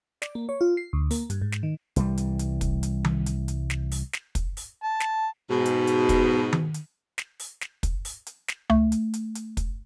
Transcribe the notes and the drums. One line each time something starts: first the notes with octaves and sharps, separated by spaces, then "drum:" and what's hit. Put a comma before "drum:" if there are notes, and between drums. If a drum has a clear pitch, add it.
D5, drum: snare
A#3
C#5
F4
C7
D2
A#3, drum: open hi-hat
G2, drum: hi-hat
G#2
drum: snare
D#3
C2 E3 G3, drum: hi-hat
drum: hi-hat
drum: hi-hat
drum: kick, hi-hat
drum: hi-hat
drum: tom D#3
drum: hi-hat
drum: hi-hat
drum: snare
drum: open hi-hat
drum: snare
drum: kick, hi-hat
drum: open hi-hat
A5
drum: snare
G#2 B2
drum: hi-hat
drum: hi-hat
drum: kick, hi-hat
drum: tom D#3
drum: hi-hat
drum: snare
drum: open hi-hat
drum: snare
drum: kick, hi-hat
drum: open hi-hat
drum: hi-hat
drum: snare
A3, drum: tom C#2
drum: hi-hat
drum: hi-hat
drum: hi-hat
drum: kick, hi-hat